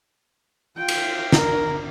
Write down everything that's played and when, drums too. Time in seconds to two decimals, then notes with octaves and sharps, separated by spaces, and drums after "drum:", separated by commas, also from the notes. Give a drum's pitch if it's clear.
0.77 F4 G5
0.88 drum: cymbal
1.32 A#4, drum: snare